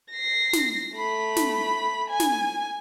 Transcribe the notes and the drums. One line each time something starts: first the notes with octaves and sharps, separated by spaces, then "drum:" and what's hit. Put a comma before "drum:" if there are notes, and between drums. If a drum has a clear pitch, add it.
A#6 C7
drum: snare
A3 B5
drum: snare
G#5
drum: snare